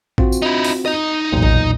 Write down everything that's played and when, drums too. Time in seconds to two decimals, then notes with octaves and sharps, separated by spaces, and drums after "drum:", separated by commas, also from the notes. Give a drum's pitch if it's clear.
0.18 C4 F4 F#4, drum: kick A1
0.32 drum: tambourine
0.42 D#4 E4
0.64 drum: open hi-hat
0.86 D#4 D#5
1.32 B1 E2 A#2
1.43 drum: kick A1